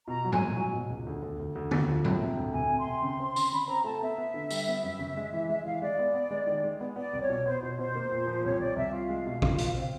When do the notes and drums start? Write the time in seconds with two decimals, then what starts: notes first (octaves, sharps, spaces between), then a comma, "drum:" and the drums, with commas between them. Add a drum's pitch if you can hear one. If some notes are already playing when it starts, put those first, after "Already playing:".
0.07 B2 A#5
0.25 F#3
0.32 G#5, drum: tom G#2
0.41 B2
0.56 F#3
0.73 B2
0.90 C#2
1.07 D2
1.22 D2
1.39 D2
1.55 D2
1.71 D2, drum: tom D3
1.88 F3
2.05 C3, drum: tom G#2
2.21 C3
2.37 D2
2.53 C3 G#5
2.70 C3
2.79 C6
2.87 C3
3.02 C#3
3.20 C4
3.36 C#3, drum: tambourine
3.52 C#3 B5
3.68 C4 A#5
3.84 A3 A5
4.01 B3 E5
4.18 B3
4.34 D3
4.51 G3, drum: tambourine
4.67 B3
4.83 F#2
4.99 C#3
5.17 G#3
5.33 E3
5.49 G#3 E5
5.65 E3 F5
5.82 G#3 D5
5.99 B3
6.14 B3
6.31 G#3
6.47 D#3
6.64 G#3
6.80 B3
6.96 B3 D5
7.13 C2
7.22 C#5
7.29 B2
7.46 B3 C5
7.62 B2 C5
7.78 B2 C5
7.95 A#3
8.12 A#2
8.27 F3
8.44 C2 C#5
8.60 C2 D5
8.76 C2 E5
8.93 F4 F5
9.09 G#3
9.26 B2
9.42 F4, drum: kick A#1
9.58 B2, drum: hi-hat
9.75 C4